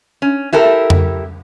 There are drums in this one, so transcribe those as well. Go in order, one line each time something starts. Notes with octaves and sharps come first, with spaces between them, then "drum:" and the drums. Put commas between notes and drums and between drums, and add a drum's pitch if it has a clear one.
C#4
E4 G4 A4 A#4
drum: tom F2